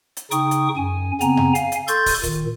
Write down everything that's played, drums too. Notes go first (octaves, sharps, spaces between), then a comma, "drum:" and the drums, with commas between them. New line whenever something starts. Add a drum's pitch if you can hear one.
drum: hi-hat
C#3 D#4 G5 C#6 D#6, drum: hi-hat
drum: hi-hat
F#2 G#5
C#3 B3 C4 G#5 A#5, drum: hi-hat
drum: tom F#2
F5 G#5, drum: hi-hat
drum: hi-hat
A4 C6 C#6 G6 A6, drum: hi-hat
drum: kick, open hi-hat
A#2 D#3, drum: kick, hi-hat